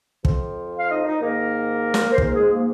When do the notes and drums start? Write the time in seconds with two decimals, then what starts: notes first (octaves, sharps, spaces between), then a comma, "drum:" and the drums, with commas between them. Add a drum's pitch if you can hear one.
0.25 F2 F3, drum: kick
0.77 F5
0.89 D#4 D#5
1.05 D#4 D#5
1.21 G#2 D#3 A#3 A#4
1.94 drum: snare
2.11 C5
2.18 G#2 F3 A#3 A#4, drum: kick
2.34 G#3 G#4
2.51 A#3